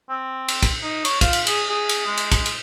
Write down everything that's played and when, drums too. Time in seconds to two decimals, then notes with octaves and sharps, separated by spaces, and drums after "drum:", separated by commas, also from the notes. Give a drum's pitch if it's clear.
0.09 C4
0.48 drum: cymbal
0.62 drum: kick, cymbal
0.83 D#4
1.05 C#5, drum: cymbal
1.21 F4, drum: kick, cymbal
1.33 drum: cymbal
1.47 G#4, drum: cymbal
1.69 G#4
1.89 drum: cymbal
2.07 G#3
2.17 drum: cymbal
2.32 drum: kick, cymbal
2.46 drum: cymbal